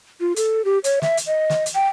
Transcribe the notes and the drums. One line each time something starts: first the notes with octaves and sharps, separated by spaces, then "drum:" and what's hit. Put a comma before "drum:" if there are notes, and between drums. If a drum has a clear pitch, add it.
F4
A4, drum: hi-hat
G4
C#5, drum: hi-hat
E5, drum: snare
drum: hi-hat
D#5
drum: snare
drum: hi-hat
G5